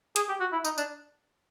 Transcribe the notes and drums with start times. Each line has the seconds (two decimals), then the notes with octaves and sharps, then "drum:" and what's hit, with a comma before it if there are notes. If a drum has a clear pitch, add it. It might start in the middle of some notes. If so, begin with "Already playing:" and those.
0.16 G#4, drum: hi-hat
0.29 G4
0.40 F#4
0.52 E4
0.65 D#4, drum: tambourine
0.78 D4, drum: tambourine